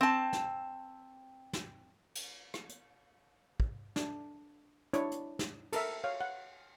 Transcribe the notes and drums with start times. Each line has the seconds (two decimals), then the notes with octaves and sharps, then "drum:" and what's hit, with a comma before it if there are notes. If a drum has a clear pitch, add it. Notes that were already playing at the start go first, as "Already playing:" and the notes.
0.01 C4 A5
0.33 drum: snare
1.53 drum: snare
2.15 drum: cymbal
2.54 drum: rim click
2.69 drum: hi-hat
3.60 drum: kick
3.96 D4, drum: snare
4.94 D4 E4 C#5, drum: hi-hat
5.11 drum: hi-hat
5.39 drum: snare
5.73 A4 A#4 E5, drum: cymbal
6.04 C#5 F5
6.21 F#5